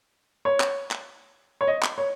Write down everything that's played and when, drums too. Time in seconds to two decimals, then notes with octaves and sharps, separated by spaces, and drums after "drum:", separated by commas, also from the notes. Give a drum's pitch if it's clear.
0.45 C#5
0.60 drum: clap
0.91 drum: clap
1.61 C#5
1.67 D#5
1.83 drum: clap
1.98 C#5